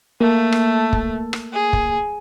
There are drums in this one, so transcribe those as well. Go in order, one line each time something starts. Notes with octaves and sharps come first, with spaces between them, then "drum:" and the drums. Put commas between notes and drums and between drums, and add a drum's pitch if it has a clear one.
A3 A#3
drum: rim click
drum: kick
drum: rim click
G#4
drum: kick